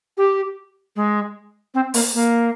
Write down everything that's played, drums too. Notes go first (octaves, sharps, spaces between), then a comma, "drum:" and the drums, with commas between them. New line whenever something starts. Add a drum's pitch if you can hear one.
G4
G#3
C4
A#3, drum: open hi-hat
A#3